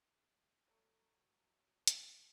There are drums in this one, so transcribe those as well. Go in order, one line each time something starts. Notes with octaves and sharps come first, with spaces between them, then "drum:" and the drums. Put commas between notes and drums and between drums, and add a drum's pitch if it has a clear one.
F#3 A3
drum: hi-hat